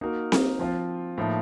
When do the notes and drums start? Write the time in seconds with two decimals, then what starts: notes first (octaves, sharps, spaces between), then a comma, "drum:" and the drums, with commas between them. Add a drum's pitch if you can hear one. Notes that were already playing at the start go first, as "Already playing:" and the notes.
0.01 A#3 D#4 F#4 A#4
0.32 drum: snare C4
0.59 F3 C4 F4
1.18 A2 F3 A#3 D#4